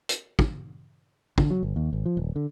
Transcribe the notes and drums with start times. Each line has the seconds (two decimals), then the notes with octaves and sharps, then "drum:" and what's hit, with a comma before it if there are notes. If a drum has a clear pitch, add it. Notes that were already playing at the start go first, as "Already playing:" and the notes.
0.09 drum: hi-hat
0.39 drum: kick
1.38 D3, drum: kick
1.50 F#3
1.63 G1
1.76 D#2
1.93 G#1
2.06 F3
2.17 D#1
2.36 D3